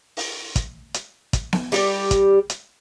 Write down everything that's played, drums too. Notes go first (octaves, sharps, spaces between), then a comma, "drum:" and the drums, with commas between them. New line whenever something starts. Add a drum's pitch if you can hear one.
drum: open hi-hat
drum: kick, hi-hat
drum: hi-hat
drum: kick, hi-hat
drum: snare B3
G3 G4 D5, drum: open hi-hat
drum: kick, hi-hat
drum: hi-hat